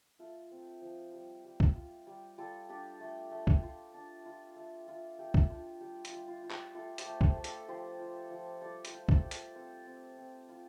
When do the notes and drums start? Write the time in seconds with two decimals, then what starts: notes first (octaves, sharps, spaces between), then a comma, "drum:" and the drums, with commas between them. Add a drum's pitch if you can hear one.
0.19 A3 F4
0.51 C4
0.81 F3
1.14 G3
1.45 G3
1.60 drum: kick
1.75 F4
2.07 G3
2.38 G3 F4 A4
2.69 D4 G4
3.00 A3
3.31 A3
3.47 drum: kick
3.62 F4
3.94 D4
4.26 F4
4.56 A3
4.87 A3 F4
5.19 A3 G4
5.34 drum: kick
5.49 D4 F4
5.81 G3 G4
6.05 F4, drum: hi-hat
6.13 G3
6.28 F4
6.43 F4
6.51 G4, drum: clap
6.74 A3 F4 A4
6.98 G4 C5, drum: hi-hat
7.06 A3
7.21 G4 C5, drum: kick
7.37 A3
7.44 A4 D5, drum: hi-hat
7.68 F3 G4 C5
8.00 F4
8.30 F3
8.61 G3 A4 D5
8.85 G4 C5, drum: hi-hat
8.93 F4
9.09 A4 D5, drum: kick
9.24 G3
9.31 A4 D5, drum: hi-hat
9.55 C4 C5 F5
9.86 C4
10.18 C4
10.49 F4